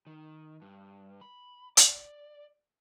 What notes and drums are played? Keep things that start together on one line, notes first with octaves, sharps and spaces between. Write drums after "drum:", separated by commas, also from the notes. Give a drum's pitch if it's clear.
D#3
G2
B5
D5, drum: hi-hat